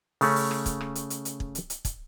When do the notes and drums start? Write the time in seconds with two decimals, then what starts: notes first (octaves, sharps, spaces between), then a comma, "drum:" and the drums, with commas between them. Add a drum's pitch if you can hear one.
0.21 C#3 A3 C#4, drum: open hi-hat
0.36 drum: open hi-hat
0.51 drum: rim click
0.66 drum: kick, hi-hat
0.81 drum: rim click
0.95 drum: hi-hat
1.10 drum: hi-hat
1.25 drum: hi-hat
1.40 drum: kick
1.55 drum: hi-hat
1.70 drum: hi-hat
1.85 drum: kick, hi-hat